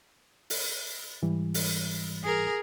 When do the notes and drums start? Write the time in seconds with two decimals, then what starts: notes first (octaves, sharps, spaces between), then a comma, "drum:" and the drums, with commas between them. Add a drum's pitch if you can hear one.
0.50 drum: open hi-hat
1.22 G#2 E3 G3
1.54 drum: open hi-hat
2.24 G#4 A#4